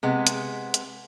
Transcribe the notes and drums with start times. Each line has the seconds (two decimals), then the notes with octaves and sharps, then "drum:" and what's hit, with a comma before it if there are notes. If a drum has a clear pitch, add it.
0.03 C3 G#3 B3
0.27 drum: hi-hat
0.74 drum: hi-hat